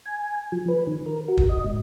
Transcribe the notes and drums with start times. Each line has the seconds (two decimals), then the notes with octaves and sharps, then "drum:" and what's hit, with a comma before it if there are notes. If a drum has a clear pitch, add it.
0.06 G#5
0.52 F3
0.68 B4
0.87 D#3
1.06 A#4
1.28 F#4
1.37 drum: kick
1.49 D#5
1.64 G#2